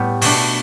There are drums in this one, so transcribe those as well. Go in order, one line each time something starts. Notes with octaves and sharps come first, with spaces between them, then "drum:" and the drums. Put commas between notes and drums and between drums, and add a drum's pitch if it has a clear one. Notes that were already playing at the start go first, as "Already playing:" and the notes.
Already playing: A2 G3 B3
B2 A3 D4, drum: open hi-hat